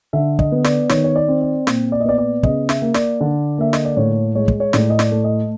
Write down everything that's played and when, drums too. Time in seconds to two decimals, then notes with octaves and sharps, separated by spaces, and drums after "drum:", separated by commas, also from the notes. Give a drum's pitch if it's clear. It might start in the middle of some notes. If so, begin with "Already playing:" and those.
0.13 D3 E5
0.39 D#5, drum: kick
0.52 B3
0.64 D5, drum: snare
0.89 D#3 C#5, drum: snare
1.04 C#5
1.16 D5
1.28 C4
1.41 D5
1.67 A#2, drum: snare
1.92 D5
2.00 D#5
2.05 B3 D5
2.18 D5
2.43 C#3 D#5, drum: kick
2.69 E5, drum: snare
2.82 A#3
2.94 D5, drum: snare
3.21 D3
3.58 A#3 E5
3.73 D#5, drum: snare
3.85 D5
3.97 A2 C#5
4.35 G#3 C#5
4.48 drum: kick
4.60 C#5
4.73 A2 D5, drum: snare
4.90 D#5
4.99 D5, drum: snare
5.12 A3
5.24 D#5